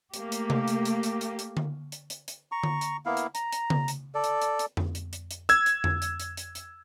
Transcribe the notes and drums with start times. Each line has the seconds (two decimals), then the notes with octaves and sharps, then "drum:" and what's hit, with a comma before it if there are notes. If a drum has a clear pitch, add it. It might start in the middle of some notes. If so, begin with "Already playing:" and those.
0.14 A3 A#3 G4, drum: hi-hat
0.32 drum: hi-hat
0.50 drum: tom C3
0.68 drum: hi-hat
0.85 drum: hi-hat
1.03 drum: hi-hat
1.21 drum: hi-hat
1.39 drum: hi-hat
1.57 drum: tom D3
1.92 drum: hi-hat
2.10 drum: hi-hat
2.28 drum: hi-hat
2.52 A#5 C#6
2.63 drum: tom D3
2.81 drum: hi-hat
3.06 A#3 B3 E4 F5
3.17 drum: hi-hat
3.35 A#5, drum: hi-hat
3.52 drum: hi-hat
3.70 drum: tom C#3
3.88 drum: hi-hat
4.14 A4 D5
4.24 drum: hi-hat
4.42 drum: hi-hat
4.59 drum: hi-hat
4.77 drum: tom F2
4.95 drum: hi-hat
5.13 drum: hi-hat
5.31 drum: hi-hat
5.49 E6 G#6, drum: hi-hat
5.66 drum: hi-hat
5.84 drum: tom F2
6.02 drum: hi-hat
6.20 drum: hi-hat
6.37 drum: hi-hat
6.55 drum: hi-hat